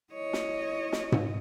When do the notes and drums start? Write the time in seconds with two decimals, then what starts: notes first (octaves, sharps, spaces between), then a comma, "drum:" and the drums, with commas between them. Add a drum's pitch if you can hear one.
0.14 E4 C#5 D#5
0.33 drum: snare
0.92 drum: snare
1.12 drum: tom G#2